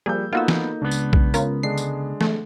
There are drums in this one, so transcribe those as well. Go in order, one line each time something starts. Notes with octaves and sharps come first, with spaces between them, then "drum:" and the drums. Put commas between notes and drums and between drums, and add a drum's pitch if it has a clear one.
F3 G3 A#3 G#4 E6 G6
A#3 B3 D#4 F4 F#4 A4 E6
drum: snare
C#2 B3 D4
drum: tambourine
drum: kick B1
C#4 F4 A#4, drum: tambourine
D3 G#3 D4 C7
drum: tambourine
A3, drum: snare